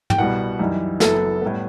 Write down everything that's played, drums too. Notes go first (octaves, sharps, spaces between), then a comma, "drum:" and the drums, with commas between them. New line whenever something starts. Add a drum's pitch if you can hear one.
G5, drum: tom
C2 B2 G3 F#5
F#2 E3 G3 D#4
F#1 F#2 F#3 B3 E4 A4, drum: snare
A2 G3 B3